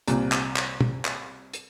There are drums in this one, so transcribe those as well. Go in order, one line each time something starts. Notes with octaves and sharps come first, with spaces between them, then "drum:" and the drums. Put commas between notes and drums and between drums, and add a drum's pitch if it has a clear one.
C2 A#2, drum: hi-hat
drum: clap
drum: clap
drum: tom
drum: clap
drum: hi-hat